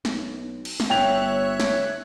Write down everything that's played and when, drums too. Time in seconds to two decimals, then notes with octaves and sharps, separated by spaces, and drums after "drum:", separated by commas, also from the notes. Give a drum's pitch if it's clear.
0.05 B1, drum: snare
0.65 drum: cymbal
0.80 drum: snare
0.90 G1 C#5 E5 G5 F#6 F7
1.60 drum: snare